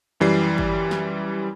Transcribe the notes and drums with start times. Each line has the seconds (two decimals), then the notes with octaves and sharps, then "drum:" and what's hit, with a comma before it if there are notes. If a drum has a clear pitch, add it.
0.20 F#2 E3 G3 C7
0.58 drum: kick G1
0.91 drum: snare